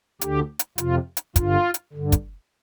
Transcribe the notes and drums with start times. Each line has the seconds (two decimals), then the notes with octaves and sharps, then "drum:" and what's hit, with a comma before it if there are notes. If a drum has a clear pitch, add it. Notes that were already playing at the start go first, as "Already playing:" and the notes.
0.21 D2 D3 G4, drum: hi-hat
0.59 drum: hi-hat
0.78 F2 C3 F4, drum: hi-hat
1.17 drum: hi-hat
1.36 G2 D3 F4, drum: kick, hi-hat
1.74 drum: hi-hat
1.93 G2 D3
2.12 drum: kick, hi-hat